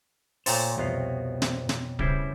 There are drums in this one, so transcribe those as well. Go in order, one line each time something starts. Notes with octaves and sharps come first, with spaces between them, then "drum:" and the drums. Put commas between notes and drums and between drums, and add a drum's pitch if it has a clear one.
A#2 A3 A4 C5 C#5 G5, drum: open hi-hat
C2 F2 B2 F3 B3 F5
drum: snare
drum: snare
C#3 G3 E4 B4 C5, drum: kick D1